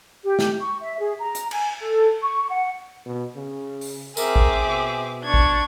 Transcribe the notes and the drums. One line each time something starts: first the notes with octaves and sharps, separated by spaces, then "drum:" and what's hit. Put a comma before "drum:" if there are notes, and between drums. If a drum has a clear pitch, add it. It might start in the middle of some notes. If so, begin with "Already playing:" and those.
G4
drum: snare
C#6
E5
G#4
A#5
drum: hi-hat
G#5, drum: cymbal
A4
C#6
F#5
B2
C#3
drum: open hi-hat
C4 G#4 A#4 E5 D6, drum: tambourine
drum: kick G#1
B2
D4 C#6 G#6
drum: kick G#1